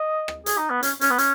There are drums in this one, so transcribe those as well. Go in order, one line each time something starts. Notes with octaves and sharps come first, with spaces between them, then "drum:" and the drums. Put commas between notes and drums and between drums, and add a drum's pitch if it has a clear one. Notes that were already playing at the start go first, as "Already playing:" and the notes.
Already playing: D#5
drum: rim click
G#4, drum: hi-hat
D#4
B3
C#4, drum: hi-hat
C#4, drum: hi-hat
B3
C#4, drum: hi-hat